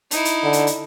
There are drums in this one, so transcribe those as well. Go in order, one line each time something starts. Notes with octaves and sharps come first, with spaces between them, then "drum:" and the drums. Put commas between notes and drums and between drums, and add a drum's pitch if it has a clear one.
D#4 E4, drum: hi-hat
drum: hi-hat
D3
drum: hi-hat
drum: hi-hat